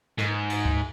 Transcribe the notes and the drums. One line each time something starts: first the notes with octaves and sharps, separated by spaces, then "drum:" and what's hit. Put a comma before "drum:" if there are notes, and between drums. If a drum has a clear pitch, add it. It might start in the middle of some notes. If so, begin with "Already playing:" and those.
G#2, drum: snare
drum: cymbal
drum: kick D2